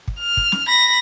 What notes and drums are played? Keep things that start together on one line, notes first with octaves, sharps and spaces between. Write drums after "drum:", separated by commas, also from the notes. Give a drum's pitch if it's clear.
drum: kick
F6
drum: kick
drum: snare
B5 A#6